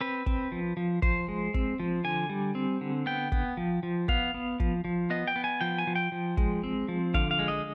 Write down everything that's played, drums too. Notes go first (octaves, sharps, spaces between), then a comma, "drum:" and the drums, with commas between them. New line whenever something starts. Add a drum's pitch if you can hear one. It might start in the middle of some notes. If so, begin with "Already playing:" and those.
C4 B4
C4, drum: kick
F3
F3
F3 C5, drum: kick
G#3
C4, drum: kick
F3
D3 G#5
G3
C4
D3
B3 G5
B3, drum: kick
F3
F3
B3 F5, drum: kick
B3
F3, drum: kick
F3
B3 D#5
G5
B3
G#5
F3 G5
G#5
F3
G5
F3
G#3, drum: kick
C4
F3
D3 F5, drum: kick
F5
G#3
D#5